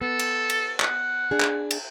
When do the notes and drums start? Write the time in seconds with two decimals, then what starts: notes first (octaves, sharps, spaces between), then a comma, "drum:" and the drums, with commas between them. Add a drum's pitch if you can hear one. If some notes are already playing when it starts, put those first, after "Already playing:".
0.02 B3 A4
0.19 drum: cymbal
0.50 drum: cymbal
0.80 F#5, drum: clap
1.31 D4 G#4
1.40 drum: clap
1.71 drum: cymbal